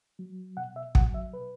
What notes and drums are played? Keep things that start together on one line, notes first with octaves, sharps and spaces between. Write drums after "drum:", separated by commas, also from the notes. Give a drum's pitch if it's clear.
F#3
B2 F#5
E5
F#3 F#5, drum: kick
E5
B2 B4